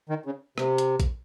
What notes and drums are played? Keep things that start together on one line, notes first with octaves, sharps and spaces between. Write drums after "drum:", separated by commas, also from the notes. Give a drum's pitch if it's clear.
D#3
C#3
C3, drum: rim click
drum: hi-hat
drum: kick A#1, hi-hat